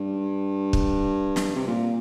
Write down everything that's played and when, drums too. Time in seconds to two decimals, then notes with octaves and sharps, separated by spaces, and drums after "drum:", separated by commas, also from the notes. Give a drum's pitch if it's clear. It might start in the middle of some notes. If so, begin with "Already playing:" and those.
Already playing: G2
0.73 drum: kick
1.36 drum: snare
1.56 C3
1.67 A#2